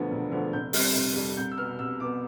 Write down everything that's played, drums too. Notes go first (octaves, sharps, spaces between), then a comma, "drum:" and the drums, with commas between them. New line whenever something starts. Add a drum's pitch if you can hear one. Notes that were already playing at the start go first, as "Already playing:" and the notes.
Already playing: E1 D2 D3 F3 B3
E1
D2 D3 F3 B3
F1 G6
F2 C3 G3 F6, drum: open hi-hat
F1
F2 C3 G3
C2 G6
E6
B2 B3 F6
C2 E6
B2 B3 D6